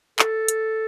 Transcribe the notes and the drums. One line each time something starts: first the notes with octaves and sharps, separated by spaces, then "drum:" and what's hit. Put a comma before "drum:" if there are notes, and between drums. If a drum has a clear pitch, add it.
A4, drum: clap
drum: hi-hat